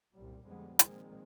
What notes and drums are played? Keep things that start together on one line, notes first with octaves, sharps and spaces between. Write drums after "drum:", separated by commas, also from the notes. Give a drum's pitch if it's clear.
C2 F#2 A#2 G3
F2 D3 G3 G#3 B3
A#2 D#3 F3 G#3 C4, drum: hi-hat